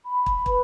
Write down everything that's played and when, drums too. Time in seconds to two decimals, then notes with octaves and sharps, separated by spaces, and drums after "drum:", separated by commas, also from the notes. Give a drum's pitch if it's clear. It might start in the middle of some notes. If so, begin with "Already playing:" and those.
0.06 B5
0.26 drum: kick
0.46 B4, drum: kick